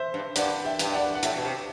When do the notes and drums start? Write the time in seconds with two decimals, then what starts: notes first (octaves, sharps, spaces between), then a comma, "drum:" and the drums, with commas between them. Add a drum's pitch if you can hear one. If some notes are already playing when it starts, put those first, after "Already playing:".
Already playing: C5 E5
0.14 G2
0.36 G2 D5 F#5, drum: hi-hat
0.65 E5 G5
0.79 G2, drum: hi-hat
0.94 D5 F#5
1.15 F#5
1.23 A2 E5 G5, drum: hi-hat
1.36 B2
1.45 C3